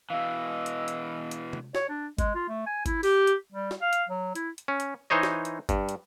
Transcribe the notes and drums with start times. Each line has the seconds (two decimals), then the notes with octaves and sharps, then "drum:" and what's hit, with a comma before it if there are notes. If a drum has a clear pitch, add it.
0.10 B2 E3 D#5 F5 E6
0.66 drum: hi-hat
0.88 drum: hi-hat
1.31 drum: hi-hat
1.53 drum: tom C3
1.75 C#5, drum: snare
1.89 D4
2.18 G#3, drum: kick G#1, hi-hat
2.35 F4
2.49 A3
2.66 G#5
2.86 E4, drum: kick G#1, hi-hat
3.03 G4, drum: open hi-hat
3.27 drum: hi-hat
3.52 G3
3.71 drum: snare
3.82 F5
3.93 drum: hi-hat
4.09 F#3
4.35 E4, drum: hi-hat
4.58 drum: hi-hat
4.68 C#4
4.80 drum: hi-hat
5.10 E3 D#4 C5 C#5 D#5
5.23 drum: snare
5.45 drum: hi-hat
5.69 G2, drum: kick G#1, hi-hat
5.89 drum: hi-hat